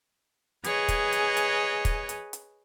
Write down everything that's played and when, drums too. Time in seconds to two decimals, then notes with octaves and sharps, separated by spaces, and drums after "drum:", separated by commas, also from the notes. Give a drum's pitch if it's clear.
0.64 G#4 B4 C#5 D#5, drum: hi-hat
0.88 drum: kick, hi-hat
1.13 drum: hi-hat
1.37 drum: hi-hat
1.85 drum: kick, hi-hat
2.09 drum: hi-hat
2.33 drum: hi-hat